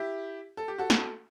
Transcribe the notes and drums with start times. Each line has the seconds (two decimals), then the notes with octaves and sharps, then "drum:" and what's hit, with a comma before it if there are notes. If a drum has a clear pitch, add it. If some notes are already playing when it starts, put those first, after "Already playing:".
Already playing: E4 G4
0.57 A4
0.68 G4
0.78 F#4 A4
0.90 drum: snare